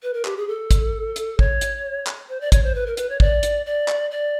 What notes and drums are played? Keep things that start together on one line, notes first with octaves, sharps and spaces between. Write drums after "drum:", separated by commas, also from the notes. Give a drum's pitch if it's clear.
B4
A#4
G4, drum: clap
G#4
A4
drum: kick, hi-hat
drum: hi-hat
C#5, drum: kick
drum: hi-hat
drum: clap
C5
D5
C#5, drum: kick, hi-hat
C5
B4
A#4
B4, drum: hi-hat
C#5
D5, drum: kick
drum: hi-hat
D5
drum: clap
D5